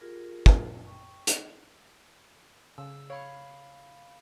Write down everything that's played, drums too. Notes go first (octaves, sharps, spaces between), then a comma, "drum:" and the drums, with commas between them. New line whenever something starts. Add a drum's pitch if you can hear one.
F4 G4 G#4 A#4
drum: kick
G5 C#6
drum: hi-hat
C#3 E6
C#5 F5 B5